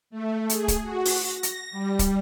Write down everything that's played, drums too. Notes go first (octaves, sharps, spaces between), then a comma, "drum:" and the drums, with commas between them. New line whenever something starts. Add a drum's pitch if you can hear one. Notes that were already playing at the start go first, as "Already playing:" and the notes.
A3
G#4, drum: hi-hat
drum: kick, hi-hat
F#4
drum: open hi-hat
A#6
drum: hi-hat
G3
drum: kick, hi-hat